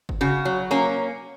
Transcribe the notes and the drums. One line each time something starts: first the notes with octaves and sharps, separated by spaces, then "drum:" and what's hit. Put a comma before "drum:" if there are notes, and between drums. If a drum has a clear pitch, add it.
drum: kick
C#3 F#4
F#3
A#3 C#4